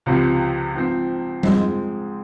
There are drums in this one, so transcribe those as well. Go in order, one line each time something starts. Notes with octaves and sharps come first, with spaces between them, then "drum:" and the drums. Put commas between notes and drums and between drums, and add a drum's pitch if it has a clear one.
C#2 C3 F3 C4
G#2 F3 C4
G#2 F3 G#3 C4, drum: tom G3